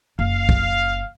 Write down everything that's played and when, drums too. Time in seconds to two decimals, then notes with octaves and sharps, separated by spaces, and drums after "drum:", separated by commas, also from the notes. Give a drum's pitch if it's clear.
0.19 F#1 F5
0.49 drum: kick